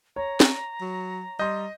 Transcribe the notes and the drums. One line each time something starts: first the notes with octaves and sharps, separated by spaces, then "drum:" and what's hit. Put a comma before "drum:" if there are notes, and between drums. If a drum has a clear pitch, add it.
C#5 A#5
drum: snare
F#3
G3 D#5 C6 G6